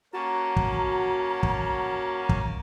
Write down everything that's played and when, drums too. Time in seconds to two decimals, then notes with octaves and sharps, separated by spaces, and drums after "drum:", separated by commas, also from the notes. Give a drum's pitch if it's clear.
0.13 A#3 C#4 F#4 A5 A#5
0.56 drum: kick
1.43 drum: kick
2.29 drum: kick